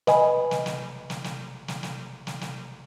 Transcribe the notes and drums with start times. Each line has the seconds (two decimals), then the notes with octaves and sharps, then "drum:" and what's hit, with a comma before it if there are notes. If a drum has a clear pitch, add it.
0.07 B4 D#5 G#5 B5, drum: snare
0.51 drum: snare
0.66 drum: snare
1.10 drum: snare
1.24 drum: snare
1.68 drum: snare
1.83 drum: snare
2.27 drum: snare
2.41 drum: snare